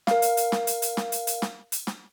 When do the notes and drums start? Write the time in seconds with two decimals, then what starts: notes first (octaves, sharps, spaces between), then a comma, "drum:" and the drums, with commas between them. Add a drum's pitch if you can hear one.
0.07 A#4 F5, drum: snare
0.22 drum: hi-hat
0.37 drum: hi-hat
0.52 drum: snare
0.67 drum: hi-hat
0.82 drum: hi-hat
0.97 drum: snare
1.12 drum: hi-hat
1.27 drum: hi-hat
1.42 drum: snare
1.72 drum: hi-hat
1.87 drum: snare